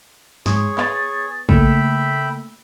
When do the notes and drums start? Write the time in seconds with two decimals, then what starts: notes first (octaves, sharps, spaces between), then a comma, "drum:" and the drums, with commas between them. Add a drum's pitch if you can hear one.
0.46 G#2 G#4 C#5, drum: snare
0.78 B3 A6, drum: clap
1.49 C#3 A3 A#3 E5 G5 B5, drum: kick